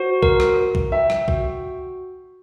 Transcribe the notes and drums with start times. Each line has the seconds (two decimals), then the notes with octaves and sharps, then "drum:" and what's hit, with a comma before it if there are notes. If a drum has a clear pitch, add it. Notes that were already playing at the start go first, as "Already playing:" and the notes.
Already playing: F#4 C5
0.23 A#4, drum: kick B1
0.40 drum: rim click
0.57 A#4
0.75 drum: kick B1
0.92 E5 G5
1.10 drum: rim click
1.28 F#4, drum: kick B1